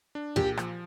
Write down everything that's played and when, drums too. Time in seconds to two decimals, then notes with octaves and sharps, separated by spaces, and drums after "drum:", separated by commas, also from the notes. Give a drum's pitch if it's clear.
0.15 D4
0.36 A#2 G4, drum: kick
0.57 F3, drum: rim click